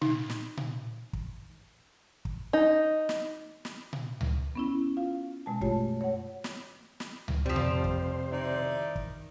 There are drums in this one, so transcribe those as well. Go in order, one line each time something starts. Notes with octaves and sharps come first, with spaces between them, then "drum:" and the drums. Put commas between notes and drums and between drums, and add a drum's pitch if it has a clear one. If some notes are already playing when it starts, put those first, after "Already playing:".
D#4, drum: tom A#2
drum: snare
drum: tom A#2
drum: kick
drum: kick
D#4
drum: snare
drum: snare
drum: tom A#2
drum: tom C#2
B3 C#4 E4
F4 F5
B2 G#3 A5
F#2 A3 F4 G4 C#5 A5, drum: kick
C#5 F#5
drum: snare
drum: snare
drum: tom C#2
F1 F2 C3 F3 G3 C5
drum: tom A#2
drum: kick
D#3 D#4 E4 D5
drum: kick